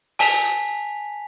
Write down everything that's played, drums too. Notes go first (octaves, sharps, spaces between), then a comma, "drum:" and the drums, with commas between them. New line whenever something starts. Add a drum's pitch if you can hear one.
G#5 A5 B6 F7, drum: open hi-hat